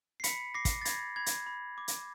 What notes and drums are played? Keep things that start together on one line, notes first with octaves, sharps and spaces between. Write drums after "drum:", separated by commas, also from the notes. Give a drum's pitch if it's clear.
C7
B5 B6 C#7, drum: hi-hat
D6 A#6 C7
drum: kick, hi-hat
A6
B5 G#6 A#6, drum: hi-hat
B5 G#6
drum: hi-hat
B5
D6
drum: hi-hat